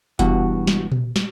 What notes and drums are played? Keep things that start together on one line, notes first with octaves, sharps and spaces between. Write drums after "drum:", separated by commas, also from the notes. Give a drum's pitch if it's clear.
G2 B2 E3 F#4, drum: kick F1, hi-hat
drum: snare
drum: tom A#2
drum: snare